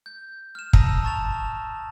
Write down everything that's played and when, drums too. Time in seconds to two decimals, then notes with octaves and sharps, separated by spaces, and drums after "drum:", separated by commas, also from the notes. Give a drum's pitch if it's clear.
0.06 G6
0.55 F6 E7
0.73 A5 A#5 D#6 E6 A#6 D#7, drum: kick
1.03 A5 C#6 A6 F7